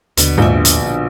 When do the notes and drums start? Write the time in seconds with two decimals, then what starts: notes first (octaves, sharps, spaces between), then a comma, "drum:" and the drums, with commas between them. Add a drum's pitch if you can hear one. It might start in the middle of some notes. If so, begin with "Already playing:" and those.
0.17 D#2 B2 D3 B4, drum: hi-hat
0.38 A#1 G#2 E5 G5
0.65 drum: hi-hat